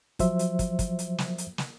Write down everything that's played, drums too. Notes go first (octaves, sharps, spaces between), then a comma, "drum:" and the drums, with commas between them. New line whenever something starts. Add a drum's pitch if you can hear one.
F3 F#3 C5 E5, drum: kick, hi-hat
drum: hi-hat
drum: kick, hi-hat
drum: kick, hi-hat
drum: hi-hat
drum: snare
drum: hi-hat
drum: snare